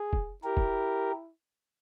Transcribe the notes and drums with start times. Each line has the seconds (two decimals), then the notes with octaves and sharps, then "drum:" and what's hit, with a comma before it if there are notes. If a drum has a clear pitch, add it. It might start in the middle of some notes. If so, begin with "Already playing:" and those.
Already playing: G#4
0.13 drum: kick
0.44 E4 G4 A#4
0.57 drum: kick